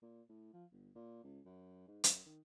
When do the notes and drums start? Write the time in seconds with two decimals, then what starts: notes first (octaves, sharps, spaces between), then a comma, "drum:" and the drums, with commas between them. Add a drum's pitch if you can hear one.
0.02 A#2
0.29 A2
0.53 F3
0.72 G1
0.95 A#2
1.24 C#2
1.45 F#2
1.88 G#2
2.04 F#2, drum: hi-hat
2.26 D#3